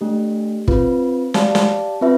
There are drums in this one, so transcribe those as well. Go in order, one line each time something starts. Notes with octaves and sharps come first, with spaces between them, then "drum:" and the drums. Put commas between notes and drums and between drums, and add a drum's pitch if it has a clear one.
A3 D4 G4
C4 F4 B4, drum: kick
G4 D5 F5 A5, drum: snare
drum: snare
C4 F4 B4 E5